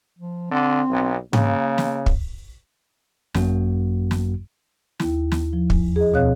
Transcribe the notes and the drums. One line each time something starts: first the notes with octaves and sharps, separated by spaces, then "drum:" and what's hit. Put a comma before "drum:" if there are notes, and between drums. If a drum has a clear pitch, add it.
F3
D3 C4
B1
C#3 A#3, drum: tom G#2
drum: snare
drum: kick
G#1 F#2 F#3 A#3 F#4, drum: snare
drum: snare
D#2 E4, drum: snare
drum: snare
F3
E2, drum: kick
G#4 D#5
D2 B2 C4 C#5 F5 F#6